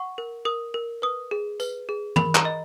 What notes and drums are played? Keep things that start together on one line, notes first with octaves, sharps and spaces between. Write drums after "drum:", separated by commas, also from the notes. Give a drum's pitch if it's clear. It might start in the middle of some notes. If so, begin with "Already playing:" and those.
Already playing: F#5 C#6
A#4
A#4 D#6
A#4
B4 D#6
G#4
B4, drum: tambourine
G#4
A#4 B5, drum: tom
A#5, drum: clap
D#5